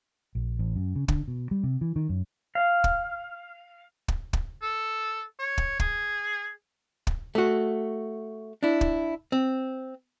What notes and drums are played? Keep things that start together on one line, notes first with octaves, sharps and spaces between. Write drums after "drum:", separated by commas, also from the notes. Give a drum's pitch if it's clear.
A#1
A1
F#2
C#3
D3, drum: kick
B2
G3
C3
E3
D#3
F#2
F5
drum: kick
drum: kick
drum: kick
A4
C#5
drum: kick
G#4, drum: kick
drum: kick
A3 F#4
D4 E4
drum: kick
C4